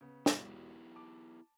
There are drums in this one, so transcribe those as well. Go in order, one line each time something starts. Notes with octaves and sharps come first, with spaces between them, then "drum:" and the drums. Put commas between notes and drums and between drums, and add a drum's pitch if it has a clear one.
C#3 B3
E1 F#3 B3 E4 G4 C#6, drum: snare
A5 D6